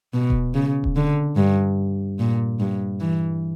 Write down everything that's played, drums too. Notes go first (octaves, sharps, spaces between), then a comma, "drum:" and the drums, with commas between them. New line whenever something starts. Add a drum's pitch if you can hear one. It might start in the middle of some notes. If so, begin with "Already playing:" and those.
B2
drum: kick D#1
C#3
drum: kick D#1
D3
G2
A#2
G2
E3